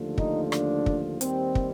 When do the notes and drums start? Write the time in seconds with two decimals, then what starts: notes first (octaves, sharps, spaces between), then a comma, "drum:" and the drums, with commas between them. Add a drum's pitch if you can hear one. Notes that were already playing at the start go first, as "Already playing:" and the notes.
Already playing: D#2 D3 F3 A3
0.18 D#4, drum: kick
0.52 D4, drum: rim click
0.86 drum: kick
1.21 D#2 D#3 G3 C4, drum: hi-hat
1.55 drum: kick